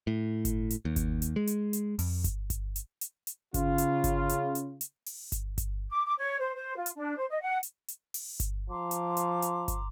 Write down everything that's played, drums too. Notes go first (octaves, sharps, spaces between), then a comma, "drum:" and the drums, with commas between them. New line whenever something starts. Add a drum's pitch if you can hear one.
A2
drum: kick G1, hi-hat
drum: hi-hat
D#2
drum: kick G1, hi-hat
drum: hi-hat
G#3
drum: hi-hat
drum: hi-hat
F2, drum: open hi-hat
drum: kick G1, hi-hat
drum: kick G1, hi-hat
drum: hi-hat
drum: hi-hat
drum: hi-hat
C#3 F4, drum: kick G1, hi-hat
drum: hi-hat
drum: kick G1, hi-hat
drum: hi-hat
drum: hi-hat
drum: hi-hat
drum: open hi-hat
drum: kick G1, hi-hat
drum: kick G1, hi-hat
D6
D6
C#5
C5
C5
F4
drum: hi-hat
D4
C5
D#5
F#5
drum: hi-hat
drum: hi-hat
drum: open hi-hat
drum: kick G1, hi-hat
F3 A#5 C6 D6
drum: hi-hat
drum: hi-hat
drum: hi-hat
drum: kick G1, hi-hat